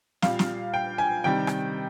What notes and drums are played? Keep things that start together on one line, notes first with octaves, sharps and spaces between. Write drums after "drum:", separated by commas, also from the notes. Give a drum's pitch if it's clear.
A#2 G3 F5, drum: snare
drum: snare
G5
G#5
C3 D#3 G3 G5
drum: rim click